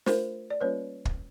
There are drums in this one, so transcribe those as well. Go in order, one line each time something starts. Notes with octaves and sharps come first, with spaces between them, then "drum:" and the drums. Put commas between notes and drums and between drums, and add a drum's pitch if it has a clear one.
A3 D4 F4 A#4 C5, drum: snare
D5
G3 A#3 C#4 F4 B4 C#5
drum: kick